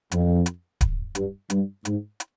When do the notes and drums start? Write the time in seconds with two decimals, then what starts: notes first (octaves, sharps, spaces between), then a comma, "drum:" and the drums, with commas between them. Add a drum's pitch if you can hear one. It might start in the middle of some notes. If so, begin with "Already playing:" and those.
0.11 F2, drum: hi-hat
0.46 drum: hi-hat
0.81 drum: kick D1, hi-hat
1.15 G2, drum: hi-hat
1.50 G2, drum: hi-hat
1.85 G#2, drum: hi-hat
2.20 drum: hi-hat